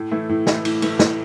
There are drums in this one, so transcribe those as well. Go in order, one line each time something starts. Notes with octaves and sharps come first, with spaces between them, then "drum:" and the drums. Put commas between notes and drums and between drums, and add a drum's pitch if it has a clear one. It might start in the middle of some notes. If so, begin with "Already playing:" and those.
Already playing: A2
E3 A3 E4
A2
E3 A3 E4, drum: snare
A2, drum: cymbal
E3 A3 E4, drum: cymbal
A2, drum: snare